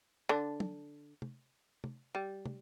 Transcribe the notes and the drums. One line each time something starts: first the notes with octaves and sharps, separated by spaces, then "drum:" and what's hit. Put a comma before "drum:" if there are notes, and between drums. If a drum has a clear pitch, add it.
D3 D4
drum: tom
drum: tom
drum: tom
G3
drum: tom